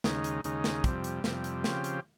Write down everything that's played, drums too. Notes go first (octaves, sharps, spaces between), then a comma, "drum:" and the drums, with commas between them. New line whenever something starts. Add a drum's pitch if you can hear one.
D#2 C#3 G#3 D#4, drum: snare
drum: hi-hat
D#2 C#3 G#3 D#4, drum: hi-hat
drum: snare
F2 C3 G3, drum: kick, hi-hat
drum: hi-hat
F2 C3 G3, drum: snare
drum: hi-hat
C#3 F3 C4 G4, drum: snare
drum: hi-hat